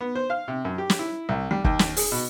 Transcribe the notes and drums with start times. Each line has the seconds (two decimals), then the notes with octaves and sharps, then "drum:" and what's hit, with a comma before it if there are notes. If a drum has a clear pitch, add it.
0.01 B3
0.15 C5
0.30 F5
0.48 C3
0.65 F#2
0.78 G4
0.90 drum: snare
0.99 E4
1.29 C2
1.51 G3
1.64 D#2, drum: kick
1.79 drum: snare
1.97 G#4, drum: open hi-hat
2.12 B2